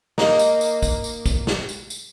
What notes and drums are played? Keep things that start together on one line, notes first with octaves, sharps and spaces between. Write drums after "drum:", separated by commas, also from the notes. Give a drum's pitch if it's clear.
A#3 D#4, drum: snare
drum: tambourine
drum: tambourine
drum: kick, tambourine
drum: tambourine
drum: kick, tambourine
drum: snare
drum: tambourine
drum: tambourine